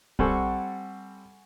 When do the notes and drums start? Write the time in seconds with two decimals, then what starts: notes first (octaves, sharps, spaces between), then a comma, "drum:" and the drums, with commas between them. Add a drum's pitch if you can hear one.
0.19 G3 C4 A4 F#5 G#5 C#6, drum: kick A#1